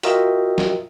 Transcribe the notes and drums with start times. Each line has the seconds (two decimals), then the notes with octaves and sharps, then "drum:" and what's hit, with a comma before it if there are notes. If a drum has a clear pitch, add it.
0.03 F4 F#4 A#4 D#5 E5 G5, drum: hi-hat
0.58 drum: snare